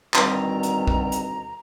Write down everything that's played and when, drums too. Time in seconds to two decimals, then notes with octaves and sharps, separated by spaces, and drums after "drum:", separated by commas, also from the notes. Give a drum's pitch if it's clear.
0.14 D2 B2 D#3 G3 C4 A#5, drum: clap
0.63 drum: hi-hat
0.87 drum: kick
1.12 drum: hi-hat